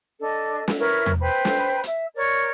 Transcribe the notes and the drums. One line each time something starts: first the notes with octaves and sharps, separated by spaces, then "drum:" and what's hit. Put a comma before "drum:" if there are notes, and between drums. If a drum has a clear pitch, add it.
D4 A4 D#5
drum: snare
E4 A#4 B4 C#5
drum: tom E2
B4 C5 G5 B5
drum: snare
E5, drum: hi-hat
A#4 C#5 D5